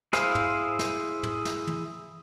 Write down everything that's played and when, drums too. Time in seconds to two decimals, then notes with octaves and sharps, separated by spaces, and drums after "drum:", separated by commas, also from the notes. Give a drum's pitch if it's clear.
0.13 E4 G#4 C5 F5, drum: snare
0.35 drum: tom
0.79 drum: snare
1.23 drum: tom
1.45 drum: snare
1.67 drum: tom